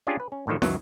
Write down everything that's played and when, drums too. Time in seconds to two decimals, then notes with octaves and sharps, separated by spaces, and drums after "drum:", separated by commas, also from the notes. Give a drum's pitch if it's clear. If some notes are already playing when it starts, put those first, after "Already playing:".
0.07 C#4 D4 F4 G4 G#4
0.20 B4
0.32 C#4
0.47 A2 D3 D#3 F3 A4
0.62 C#2 F#2 D#3 E3 F#3, drum: snare